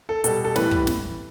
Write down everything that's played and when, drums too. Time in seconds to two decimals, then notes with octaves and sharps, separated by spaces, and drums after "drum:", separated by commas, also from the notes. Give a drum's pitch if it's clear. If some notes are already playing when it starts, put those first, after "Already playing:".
0.09 A4
0.24 B2 G3 A4, drum: hi-hat
0.45 A4
0.56 A2 E3 G3 B4, drum: snare
0.71 drum: kick
0.87 drum: snare